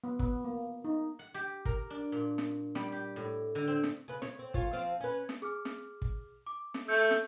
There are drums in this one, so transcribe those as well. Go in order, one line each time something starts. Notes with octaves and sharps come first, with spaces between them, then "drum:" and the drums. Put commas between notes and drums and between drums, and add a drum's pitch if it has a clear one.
B3
B3, drum: kick
A#3
D#4
F#5
G4
A#4, drum: kick
D4
A#2
drum: snare
G3, drum: snare
G4
A2
D3
C4
drum: snare
C#3 B4
C#5, drum: snare
C4
F#2 F4 C#5, drum: kick
F3 C4 F5
C#4 B4
drum: snare
G#4 D6 F6
drum: snare
drum: kick
D6
drum: snare
A3 E6 G6 C#7
drum: snare